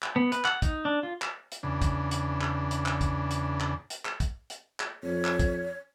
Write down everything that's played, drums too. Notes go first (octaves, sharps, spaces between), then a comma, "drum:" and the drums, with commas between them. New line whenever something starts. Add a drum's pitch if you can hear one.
drum: clap
B3
B4, drum: hi-hat
F#5, drum: clap
D#4, drum: kick, hi-hat
D4
F4
drum: clap
drum: hi-hat
E2 C#3 D4
drum: kick, hi-hat
drum: hi-hat
drum: clap
drum: hi-hat
drum: clap
drum: kick, hi-hat
drum: hi-hat
drum: clap
drum: hi-hat
drum: clap
drum: kick, hi-hat
drum: hi-hat
drum: clap
F2 C#5
drum: clap
drum: kick, hi-hat